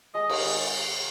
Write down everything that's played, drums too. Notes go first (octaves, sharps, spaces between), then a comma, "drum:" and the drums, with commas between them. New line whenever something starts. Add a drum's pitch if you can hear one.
G#3 D#5
D#4 A#4, drum: cymbal
G#3